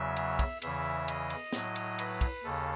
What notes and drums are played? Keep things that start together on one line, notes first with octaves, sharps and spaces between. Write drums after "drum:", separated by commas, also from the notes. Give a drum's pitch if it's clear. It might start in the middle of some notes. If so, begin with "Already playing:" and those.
Already playing: E2 C#3 F#3 E5
drum: cymbal
drum: kick, cymbal
E2 C#3 E3 E5, drum: cymbal
D#5, drum: cymbal
drum: cymbal
A2 F#3, drum: snare
drum: cymbal
B4, drum: cymbal
drum: kick, cymbal
D#2 C#3 A4